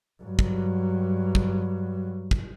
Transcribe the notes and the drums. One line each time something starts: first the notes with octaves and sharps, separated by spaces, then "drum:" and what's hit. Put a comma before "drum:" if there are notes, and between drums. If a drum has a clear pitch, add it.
G2 F#3
drum: kick
drum: kick
drum: kick